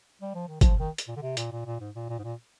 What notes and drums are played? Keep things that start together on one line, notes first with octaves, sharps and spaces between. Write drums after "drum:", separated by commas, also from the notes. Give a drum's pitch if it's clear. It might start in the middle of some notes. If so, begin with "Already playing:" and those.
G3
F3
D#3
F3, drum: kick, hi-hat
D#3
drum: hi-hat
A#2
D3
C3
A#2, drum: hi-hat
A#2
A#2
G#2
A#2
A#2
G#2
A#2